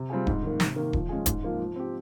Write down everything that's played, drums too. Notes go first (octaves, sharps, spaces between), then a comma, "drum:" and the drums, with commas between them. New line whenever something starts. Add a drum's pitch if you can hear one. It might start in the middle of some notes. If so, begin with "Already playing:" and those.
Already playing: C3
G3 C4 F4 G#4
G#2, drum: kick D#1
D#3 A#3
C3, drum: snare
D#3 A#3
F3, drum: kick D#1
G#3 C#4 F4 G#4
G#2, drum: kick D#1, hi-hat
F3 A#3 F4
F3
C4 G4